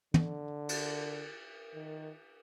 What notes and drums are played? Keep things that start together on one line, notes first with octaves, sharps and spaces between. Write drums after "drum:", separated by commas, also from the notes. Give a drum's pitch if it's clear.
D3, drum: tom
drum: cymbal
D#3